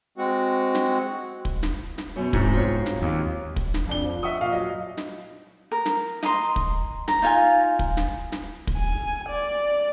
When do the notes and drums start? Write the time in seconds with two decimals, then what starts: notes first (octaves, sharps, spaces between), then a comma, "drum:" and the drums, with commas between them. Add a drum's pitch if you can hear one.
0.18 G#3 C4 F#4
0.74 drum: snare
1.45 drum: kick
1.63 drum: snare
1.98 drum: snare
2.16 F#2 B2
2.33 G#2 C3 E4 F#4, drum: kick
2.53 F4 C#5
2.86 drum: snare
3.02 D#2
3.56 drum: kick
3.74 drum: snare
3.87 F2 D4 G7
4.04 F3
4.23 D#5 E5 F#5 C#6 D#6
4.41 A#2 F5
4.53 F#3 D#5
4.97 drum: snare
5.72 A#4
5.85 drum: snare
6.23 D#5 A#5 C6, drum: snare
6.56 drum: kick
7.08 A#5, drum: snare
7.22 D#4 F4 F5 G#5
7.79 drum: kick
7.97 drum: snare
8.32 drum: snare
8.67 drum: kick
8.79 G#5
9.29 D5